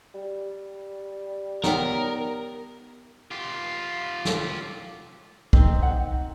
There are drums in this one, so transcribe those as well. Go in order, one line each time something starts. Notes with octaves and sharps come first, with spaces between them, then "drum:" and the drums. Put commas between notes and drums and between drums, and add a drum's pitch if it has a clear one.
G3
B3 D#4 A#4 C#5 G5, drum: snare
F4 G4
drum: snare
C4 D#4, drum: kick B1
F#5